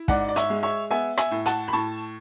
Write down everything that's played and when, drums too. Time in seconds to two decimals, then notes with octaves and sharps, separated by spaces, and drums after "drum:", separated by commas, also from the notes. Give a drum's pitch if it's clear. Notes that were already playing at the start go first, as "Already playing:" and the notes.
Already playing: E4
0.08 G#2 D5 F#5, drum: kick
0.29 D5
0.36 C#5 E5, drum: hi-hat
0.50 G#3
0.63 C#5 E5
0.91 B3 E5 G#5
1.17 E5 G#5, drum: rim click
1.31 A2
1.46 F#5 A5, drum: hi-hat
1.68 B5
1.73 A2 A5 C#6